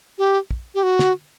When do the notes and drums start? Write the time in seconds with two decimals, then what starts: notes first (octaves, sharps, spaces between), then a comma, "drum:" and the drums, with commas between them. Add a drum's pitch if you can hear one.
0.18 G4
0.51 drum: kick
0.75 G4
0.83 F#4
0.99 drum: snare